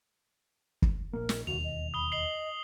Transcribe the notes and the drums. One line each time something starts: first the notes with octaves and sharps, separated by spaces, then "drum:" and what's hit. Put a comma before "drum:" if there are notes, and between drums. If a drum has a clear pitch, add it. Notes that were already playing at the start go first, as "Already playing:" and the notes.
drum: kick
A#1 A#3 A#4
drum: snare
E1 D#2 F#4 F7
D#5
B5 D#6 G7
D#5 C7 F#7 G7